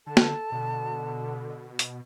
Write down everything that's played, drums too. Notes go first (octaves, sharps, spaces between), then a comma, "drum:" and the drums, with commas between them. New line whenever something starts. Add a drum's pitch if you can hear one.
D3 A4 A5
drum: snare
B2 D3
drum: hi-hat